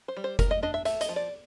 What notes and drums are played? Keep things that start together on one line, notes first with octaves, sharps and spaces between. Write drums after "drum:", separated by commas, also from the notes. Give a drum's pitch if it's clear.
C5
G3
C5
G3 A#4, drum: kick F#1, hi-hat
D#5
D4 D#5
E5
A3 E5, drum: hi-hat
D#5, drum: hi-hat
F3
D5